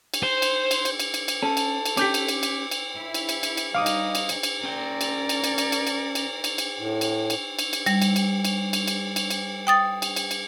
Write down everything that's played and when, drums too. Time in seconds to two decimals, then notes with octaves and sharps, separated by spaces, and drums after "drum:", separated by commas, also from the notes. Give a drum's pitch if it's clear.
0.14 drum: cymbal
0.23 C5
0.42 drum: cymbal
0.71 drum: cymbal
0.85 drum: cymbal
1.00 drum: cymbal
1.14 drum: cymbal
1.28 drum: cymbal
1.43 C#4 A4
1.57 drum: cymbal
1.85 drum: cymbal
1.97 C#4 G4 D6 G6 B6, drum: cymbal
2.14 drum: cymbal
2.28 drum: cymbal
2.43 drum: cymbal
2.71 drum: cymbal
2.97 E4
3.14 drum: cymbal
3.29 drum: cymbal
3.43 drum: cymbal
3.57 drum: cymbal
3.75 G3 D#4 F5 D6 D#6
3.86 drum: cymbal
4.15 drum: cymbal
4.29 drum: cymbal
4.43 drum: cymbal
4.64 C#4 A#4 D5 G5
5.01 drum: cymbal
5.29 drum: cymbal
5.44 drum: cymbal
5.58 drum: cymbal
5.72 drum: cymbal
5.87 drum: cymbal
6.15 drum: cymbal
6.44 drum: cymbal
6.58 drum: cymbal
6.79 A2
7.01 drum: cymbal
7.30 drum: cymbal
7.59 drum: cymbal
7.73 drum: cymbal
7.86 G3, drum: cymbal
8.02 drum: cymbal
8.16 drum: cymbal
8.45 drum: cymbal
8.73 drum: cymbal
8.88 drum: cymbal
9.16 drum: cymbal
9.31 drum: cymbal
9.67 G5 D#6 A6
10.02 drum: cymbal
10.16 drum: cymbal
10.31 drum: cymbal